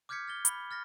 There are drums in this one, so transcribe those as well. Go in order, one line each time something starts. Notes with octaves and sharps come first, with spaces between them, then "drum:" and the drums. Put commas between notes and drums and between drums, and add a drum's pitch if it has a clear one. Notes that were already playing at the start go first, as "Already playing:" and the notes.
D6 F6 G6 G#6 B6 C#7
F6 A6 G7
B5, drum: hi-hat
F6 A6 A#6